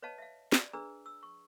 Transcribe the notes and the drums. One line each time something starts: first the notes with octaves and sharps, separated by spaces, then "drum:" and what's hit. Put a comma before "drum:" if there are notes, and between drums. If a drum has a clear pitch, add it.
B4 C#5 D#5 F5 A5
E5 F5
D5, drum: snare
D4 G#4 B4 A#5 E6
E6
C#6